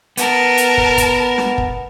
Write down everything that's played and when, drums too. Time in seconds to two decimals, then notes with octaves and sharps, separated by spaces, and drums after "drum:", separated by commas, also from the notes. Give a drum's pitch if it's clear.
0.17 B3 A#4 A5, drum: hi-hat
0.58 drum: hi-hat
0.78 drum: kick
0.98 drum: kick, hi-hat
1.38 drum: snare
1.58 drum: kick